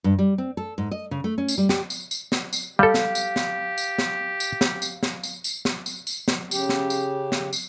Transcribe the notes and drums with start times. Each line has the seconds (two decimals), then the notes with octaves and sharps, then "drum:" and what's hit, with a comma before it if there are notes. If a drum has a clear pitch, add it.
0.04 G2
0.19 G3
0.38 C4
0.57 A4
0.78 G#2
0.91 D#5
1.11 C#3
1.24 A3
1.38 C#4
1.48 drum: tambourine
1.58 G3
1.69 G4, drum: snare
1.90 drum: tambourine
2.11 drum: tambourine
2.32 drum: snare
2.53 drum: tambourine
2.79 G3 G4 A4 F5
2.94 drum: snare
3.15 drum: tambourine
3.36 drum: snare
3.78 drum: tambourine
3.98 drum: snare
4.40 drum: tambourine
4.61 drum: snare
4.82 drum: tambourine
5.03 drum: snare
5.23 drum: tambourine
5.44 drum: tambourine
5.65 drum: snare
5.86 drum: tambourine
6.07 drum: tambourine
6.28 drum: snare
6.51 C#3 G4, drum: tambourine
6.69 drum: snare
6.90 drum: tambourine
7.32 drum: snare
7.53 drum: tambourine